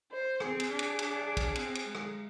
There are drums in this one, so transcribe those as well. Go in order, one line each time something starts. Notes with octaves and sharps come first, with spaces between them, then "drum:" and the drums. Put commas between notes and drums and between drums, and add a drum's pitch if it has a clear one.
C5
C4 G#4, drum: rim click
drum: cymbal
D4
drum: cymbal
D4, drum: cymbal
drum: kick, cymbal
C4, drum: cymbal
drum: cymbal
G#3
drum: rim click